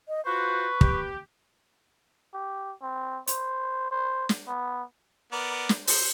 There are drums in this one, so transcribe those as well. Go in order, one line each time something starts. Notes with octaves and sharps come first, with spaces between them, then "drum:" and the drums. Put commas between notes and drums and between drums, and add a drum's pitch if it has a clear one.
D#5
F4 F#4 B4 C5 C#6
G4, drum: kick
G4
C4
C5, drum: hi-hat
C5
drum: snare
B3
B3 A#4 D5
drum: snare
C5, drum: open hi-hat